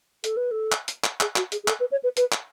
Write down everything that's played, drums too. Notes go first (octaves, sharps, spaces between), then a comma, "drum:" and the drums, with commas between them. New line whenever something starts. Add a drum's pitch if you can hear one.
A4, drum: hi-hat
B4
A4
drum: clap
drum: hi-hat
drum: clap
G#4, drum: clap
F#4, drum: clap
G#4, drum: hi-hat
G#4
A4, drum: clap
B4
C#5
B4
B4, drum: hi-hat
drum: clap